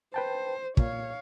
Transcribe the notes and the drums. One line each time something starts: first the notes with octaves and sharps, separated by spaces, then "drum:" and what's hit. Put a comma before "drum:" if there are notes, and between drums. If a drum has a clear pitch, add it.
B4 C5 G5 A5
A#2 C#5 F5, drum: kick